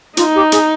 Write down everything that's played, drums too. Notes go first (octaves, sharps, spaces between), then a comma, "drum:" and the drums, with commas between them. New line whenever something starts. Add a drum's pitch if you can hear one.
D#4 F4, drum: hi-hat
G4
G#4, drum: hi-hat